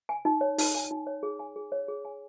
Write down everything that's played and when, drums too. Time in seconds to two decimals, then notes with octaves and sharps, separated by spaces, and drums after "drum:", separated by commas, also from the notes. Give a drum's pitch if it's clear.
0.09 G#5
0.25 D#4
0.41 C#5
0.58 D#4, drum: open hi-hat
0.75 G#5
0.91 D#4
1.07 C#5
1.23 G#4
1.39 G#5
1.56 G#4
1.72 C#5
1.88 G#4
2.05 G#5